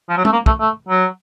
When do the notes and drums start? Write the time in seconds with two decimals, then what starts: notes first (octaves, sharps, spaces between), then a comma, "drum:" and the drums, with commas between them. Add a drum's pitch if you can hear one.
0.10 F3
0.17 F#3
0.25 A3, drum: tom
0.32 A#3
0.46 A3, drum: kick
0.60 A3
0.88 F#3